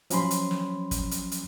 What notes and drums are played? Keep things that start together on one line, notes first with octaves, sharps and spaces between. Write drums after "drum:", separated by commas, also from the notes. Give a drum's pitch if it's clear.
F3 F#3 C#4 B5 C6, drum: hi-hat
drum: hi-hat
drum: snare
drum: kick, hi-hat
drum: hi-hat
drum: hi-hat